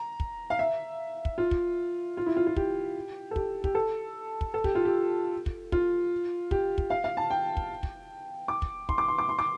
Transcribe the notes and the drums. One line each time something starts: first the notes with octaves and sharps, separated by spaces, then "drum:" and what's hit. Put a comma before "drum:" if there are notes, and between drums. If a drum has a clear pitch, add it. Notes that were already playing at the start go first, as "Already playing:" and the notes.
Already playing: A#5
drum: kick
F5
E5
drum: kick
F4
drum: kick
F4
E4
F4
F4
G4, drum: kick
A4
G4, drum: kick
G4, drum: kick
A4
drum: kick
A4
G4, drum: kick
F4
G4
drum: kick
F4, drum: kick
G4, drum: kick
drum: kick
F5
F5
A5
G5
drum: kick
drum: kick
D6
drum: kick
C6, drum: kick
D6
C6
D6
C6
D6